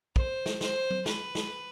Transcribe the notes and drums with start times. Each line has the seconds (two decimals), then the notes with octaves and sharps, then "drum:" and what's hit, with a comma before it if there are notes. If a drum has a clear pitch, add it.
0.16 C5, drum: kick
0.46 drum: snare
0.61 C5, drum: snare
0.90 drum: tom F#3
1.06 B4, drum: snare
1.35 drum: snare